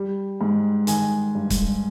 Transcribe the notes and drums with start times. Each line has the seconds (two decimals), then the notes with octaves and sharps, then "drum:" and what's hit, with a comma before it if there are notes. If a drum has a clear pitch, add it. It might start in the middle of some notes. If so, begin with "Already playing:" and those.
Already playing: G3
0.41 G#2
0.87 D#3 G#5, drum: hi-hat
1.35 G2
1.50 drum: kick, hi-hat